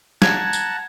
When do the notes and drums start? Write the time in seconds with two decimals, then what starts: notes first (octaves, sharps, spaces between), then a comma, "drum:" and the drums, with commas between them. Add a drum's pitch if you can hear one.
0.22 F#5 A5 A#5 G#6, drum: snare
0.53 drum: tambourine